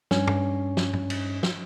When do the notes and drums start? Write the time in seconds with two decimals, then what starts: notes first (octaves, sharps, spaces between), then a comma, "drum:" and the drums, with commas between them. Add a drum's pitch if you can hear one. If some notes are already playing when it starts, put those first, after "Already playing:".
0.11 G2 C#4, drum: snare
0.27 drum: tom
0.77 drum: snare
0.93 drum: tom
1.10 drum: cymbal
1.43 drum: snare